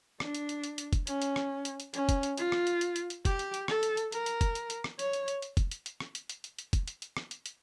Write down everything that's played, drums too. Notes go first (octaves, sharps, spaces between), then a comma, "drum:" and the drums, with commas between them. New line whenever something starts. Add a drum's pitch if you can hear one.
D4, drum: rim click
drum: hi-hat
drum: hi-hat
drum: hi-hat
drum: hi-hat
drum: kick F1, hi-hat
C#4, drum: hi-hat
drum: hi-hat
drum: rim click
drum: hi-hat
drum: hi-hat
C#4, drum: hi-hat
drum: kick F1, hi-hat
drum: hi-hat
F4, drum: hi-hat
drum: rim click
drum: hi-hat
drum: hi-hat
drum: hi-hat
drum: hi-hat
G4, drum: kick F1, hi-hat
drum: hi-hat
drum: hi-hat
A4, drum: rim click
drum: hi-hat
drum: hi-hat
A#4, drum: hi-hat
drum: hi-hat
drum: kick F1, hi-hat
drum: hi-hat
drum: hi-hat
drum: rim click
C#5, drum: hi-hat
drum: hi-hat
drum: hi-hat
drum: hi-hat
drum: kick F1, hi-hat
drum: hi-hat
drum: hi-hat
drum: rim click
drum: hi-hat
drum: hi-hat
drum: hi-hat
drum: hi-hat
drum: kick F1, hi-hat
drum: hi-hat
drum: hi-hat
drum: rim click
drum: hi-hat
drum: hi-hat